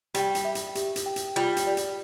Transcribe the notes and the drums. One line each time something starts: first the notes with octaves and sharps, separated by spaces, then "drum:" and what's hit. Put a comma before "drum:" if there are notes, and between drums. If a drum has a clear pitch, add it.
G3 G4, drum: hi-hat
drum: hi-hat
E5
drum: hi-hat
G4, drum: hi-hat
drum: hi-hat
G5
drum: hi-hat
G3 F4
drum: hi-hat
D5
drum: hi-hat